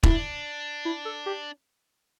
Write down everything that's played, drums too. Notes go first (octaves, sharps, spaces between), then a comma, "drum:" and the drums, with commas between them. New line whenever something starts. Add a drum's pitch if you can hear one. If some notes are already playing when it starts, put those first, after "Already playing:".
D4 E4, drum: kick E1
E4
A4
G4